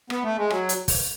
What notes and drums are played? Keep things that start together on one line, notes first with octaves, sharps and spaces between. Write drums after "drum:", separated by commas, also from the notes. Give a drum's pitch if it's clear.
B3, drum: rim click
A3
G#3
F#3, drum: rim click
drum: hi-hat
drum: kick, open hi-hat